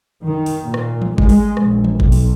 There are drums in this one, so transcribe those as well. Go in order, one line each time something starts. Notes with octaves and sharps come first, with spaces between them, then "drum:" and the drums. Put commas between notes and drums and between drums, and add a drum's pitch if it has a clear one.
D#3
drum: open hi-hat
A#2
drum: rim click
drum: tom E3
G#3, drum: kick G#1
drum: open hi-hat
A#1, drum: rim click
drum: tom E3
B1, drum: kick G#1
drum: open hi-hat